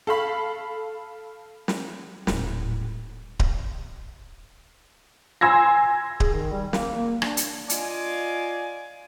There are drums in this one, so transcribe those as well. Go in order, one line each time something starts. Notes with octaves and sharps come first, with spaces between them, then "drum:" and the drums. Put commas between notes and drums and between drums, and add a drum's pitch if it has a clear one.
A4 F5 B5
drum: snare
D#1 A2, drum: snare
drum: kick D1
G#5 C6 E6 G#6 A#6
G#4, drum: kick D1
D#3
G3
A#3, drum: snare
A#3
D4, drum: rim click
drum: hi-hat
F4 D5 D#5 G#5, drum: hi-hat